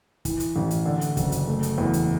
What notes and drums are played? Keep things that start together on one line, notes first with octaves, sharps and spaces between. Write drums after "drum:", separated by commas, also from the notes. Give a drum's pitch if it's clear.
E3, drum: kick, hi-hat
drum: hi-hat
A1
drum: hi-hat
D3
drum: hi-hat
F#1, drum: kick, hi-hat
drum: hi-hat
A3
drum: hi-hat
E2
drum: hi-hat